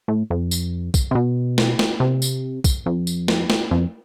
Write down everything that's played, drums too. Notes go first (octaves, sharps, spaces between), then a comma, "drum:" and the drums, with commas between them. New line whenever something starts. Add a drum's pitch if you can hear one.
A2
F2
drum: tambourine
drum: kick, tambourine
C3
B2
drum: snare
drum: snare
C3
drum: tambourine
drum: kick, tambourine
F2
drum: tambourine
drum: snare
drum: snare
F2